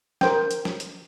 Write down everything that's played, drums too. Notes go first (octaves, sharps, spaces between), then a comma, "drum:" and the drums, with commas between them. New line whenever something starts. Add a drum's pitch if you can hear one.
A#4 C5 G5, drum: snare
drum: hi-hat
drum: snare
drum: hi-hat